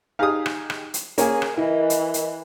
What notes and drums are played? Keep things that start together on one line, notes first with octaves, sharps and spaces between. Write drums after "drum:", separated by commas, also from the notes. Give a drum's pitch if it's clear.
D#4 G4 G#4 F5 D#6
drum: rim click
drum: rim click
drum: hi-hat
A#3 C#4 G#4 G#5, drum: hi-hat
drum: rim click
E3 E4 A#4 D#5
drum: hi-hat
drum: hi-hat